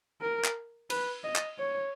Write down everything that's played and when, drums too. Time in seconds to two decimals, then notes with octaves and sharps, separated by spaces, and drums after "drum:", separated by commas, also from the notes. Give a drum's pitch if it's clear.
0.21 A#4
0.44 drum: clap
0.90 B4, drum: cymbal
1.24 D#5
1.36 drum: clap
1.58 C#5